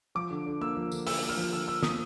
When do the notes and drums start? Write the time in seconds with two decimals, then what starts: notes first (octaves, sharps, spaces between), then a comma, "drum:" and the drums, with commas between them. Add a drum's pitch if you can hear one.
0.15 F3 D6
0.30 D3
0.46 D3
0.61 A#3 E6
0.77 F3
0.92 D3, drum: tambourine
1.07 D3 E6, drum: open hi-hat
1.22 A#3
1.29 F6
1.37 F3
1.52 D3 E6
1.68 D3 E6
1.83 A#3 D#6, drum: snare